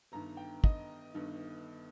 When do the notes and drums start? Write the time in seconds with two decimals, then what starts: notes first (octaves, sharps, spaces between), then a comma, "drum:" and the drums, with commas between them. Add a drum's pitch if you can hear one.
0.12 G1 G2 D#3 A#5
0.37 G5
0.64 D#5, drum: kick
1.14 G1 G2 D#3